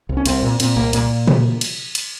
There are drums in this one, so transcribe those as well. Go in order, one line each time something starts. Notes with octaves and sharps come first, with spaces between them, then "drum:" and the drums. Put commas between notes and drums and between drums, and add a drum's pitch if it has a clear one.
C2
C#4
C2 C4, drum: cymbal
A#2
A#2 C4, drum: cymbal
C2 A#3
A#2 A#3, drum: cymbal
drum: tom A#2
drum: cymbal
drum: cymbal